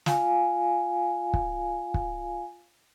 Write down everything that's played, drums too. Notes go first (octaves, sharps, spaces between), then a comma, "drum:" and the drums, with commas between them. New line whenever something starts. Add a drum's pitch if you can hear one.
F4 F5 G#5, drum: snare
drum: kick
drum: kick